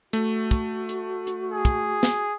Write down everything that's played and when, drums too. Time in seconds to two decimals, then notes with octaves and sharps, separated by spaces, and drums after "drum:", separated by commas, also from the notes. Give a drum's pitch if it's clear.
0.13 A3 F#4, drum: hi-hat
0.51 drum: kick, hi-hat
0.89 drum: hi-hat
1.27 drum: hi-hat
1.52 G#4
1.65 drum: kick, hi-hat
2.03 drum: snare